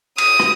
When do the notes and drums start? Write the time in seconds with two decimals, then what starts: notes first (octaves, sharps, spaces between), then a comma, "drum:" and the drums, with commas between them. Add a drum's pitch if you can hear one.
0.18 D#6, drum: cymbal
0.40 drum: rim click